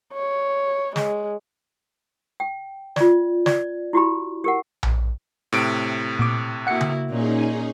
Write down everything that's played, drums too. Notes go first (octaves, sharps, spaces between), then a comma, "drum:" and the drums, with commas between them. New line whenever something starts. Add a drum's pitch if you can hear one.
C#5
G#3, drum: snare
G5
F4 D5, drum: snare
D5, drum: snare
E4 F#4 G4 B5
G4 A#4 F#5
drum: tom A#1
A2 C3 D7
A#2 D6
A#3 E4 F#4 F#5 C#7
drum: tom C#3
A#2 C#4 D#4 G#4